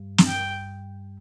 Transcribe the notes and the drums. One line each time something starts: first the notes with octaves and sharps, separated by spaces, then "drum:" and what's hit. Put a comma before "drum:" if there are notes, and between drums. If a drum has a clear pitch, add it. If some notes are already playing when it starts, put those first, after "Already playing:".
Already playing: G2
drum: snare
G5